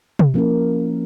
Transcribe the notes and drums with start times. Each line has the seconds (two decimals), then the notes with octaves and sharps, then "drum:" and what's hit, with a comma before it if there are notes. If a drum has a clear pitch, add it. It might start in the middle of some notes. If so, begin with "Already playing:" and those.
0.19 drum: tom
0.34 F3 A#3 C#4 E4 A#4